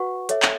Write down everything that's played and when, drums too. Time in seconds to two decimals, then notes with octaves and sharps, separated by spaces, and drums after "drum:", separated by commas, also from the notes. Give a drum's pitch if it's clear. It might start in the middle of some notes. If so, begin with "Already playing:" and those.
Already playing: F#4 B4 F#5 C#6
0.29 A4 C#5 E5, drum: hi-hat
0.42 drum: clap